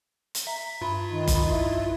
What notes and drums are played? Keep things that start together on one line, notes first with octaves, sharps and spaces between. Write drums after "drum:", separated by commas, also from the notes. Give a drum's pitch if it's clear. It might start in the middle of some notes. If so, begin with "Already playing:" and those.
drum: hi-hat
E5 A#5
G2 F4 B5
D#3 D#4
drum: kick F#1, hi-hat
E4 E5